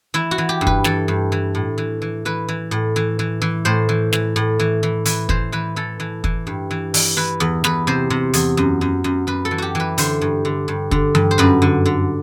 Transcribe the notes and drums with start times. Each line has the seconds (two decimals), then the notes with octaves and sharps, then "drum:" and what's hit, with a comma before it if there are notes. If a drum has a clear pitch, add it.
0.14 E3 E4
0.31 F#4
0.38 E3
0.49 G4
0.61 G2
0.67 B4, drum: kick
0.84 E3 A4, drum: snare
1.08 G2
1.32 E3
1.55 A2
1.78 E3
2.02 E3
2.25 E3 B4
2.48 E3
2.71 A2
2.96 E3
3.19 E3
3.42 E3
3.65 A2 C5
3.89 E3
4.13 E3, drum: snare
4.36 A2
4.59 E3
4.83 E3
5.05 E3 B4, drum: hi-hat
5.29 E3 C5, drum: kick
5.52 E3 B4
5.76 E3 A4
6.00 E3
6.24 E3, drum: kick
6.47 G2
6.71 E3
6.94 E3, drum: open hi-hat
7.17 E3 B4
7.40 E2
7.64 E2 B4, drum: snare
7.87 C3 C5
8.10 C3
8.34 E2, drum: hi-hat
8.57 F#2
8.81 F#2
9.04 F#2
9.27 F#2 B4
9.45 A4
9.51 E3
9.58 F#4 G4
9.75 E3 B4
9.98 D3 C5, drum: hi-hat
10.21 G2
10.45 D3
10.68 G2
10.91 D3, drum: kick
11.15 G2, drum: tom E3
11.31 C5
11.38 F#2 B4
11.62 D3
11.85 D3